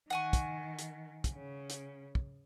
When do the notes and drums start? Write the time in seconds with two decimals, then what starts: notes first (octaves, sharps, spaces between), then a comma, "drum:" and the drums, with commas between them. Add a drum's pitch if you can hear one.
0.10 D#3 F#5 G#5 C#6
0.33 drum: kick, hi-hat
0.79 drum: hi-hat
1.24 drum: kick, hi-hat
1.33 C#3
1.70 drum: hi-hat
2.15 drum: kick